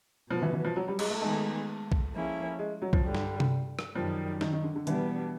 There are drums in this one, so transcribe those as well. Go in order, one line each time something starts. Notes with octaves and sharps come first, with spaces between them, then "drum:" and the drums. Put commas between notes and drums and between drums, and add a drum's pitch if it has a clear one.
B2 F3 F#3 B3
E3
E3
F3
F#3
G3
G#3, drum: cymbal
A3
D#3 G#3 A3 B3 D#4 G#4
drum: kick B1
F3 A#3 C#4 E4 G#4
G#3
F#3
F3, drum: kick B1
G2 D3 G3
drum: snare
drum: tom C3
drum: rim click
F#2 D#3 F3 G3
D#3, drum: snare
D#3
D3
D3
B2 E3 G3 B3 D4, drum: hi-hat